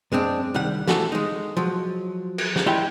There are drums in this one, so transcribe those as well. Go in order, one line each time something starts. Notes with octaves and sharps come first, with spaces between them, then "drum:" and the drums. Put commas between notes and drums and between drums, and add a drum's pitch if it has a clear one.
F#2 G#3 C4 D4
C2 D#3 G3 F#5
E3 A3 F#4 A4, drum: snare
G#3 D#4
F3 F#3
drum: cymbal
drum: snare
G#3 E4 G4 D5 E5 G5